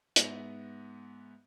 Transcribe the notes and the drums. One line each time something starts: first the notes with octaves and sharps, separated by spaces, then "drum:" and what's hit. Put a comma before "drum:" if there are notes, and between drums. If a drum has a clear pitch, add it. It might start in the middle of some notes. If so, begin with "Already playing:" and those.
G#2 B3 E5 A#6, drum: hi-hat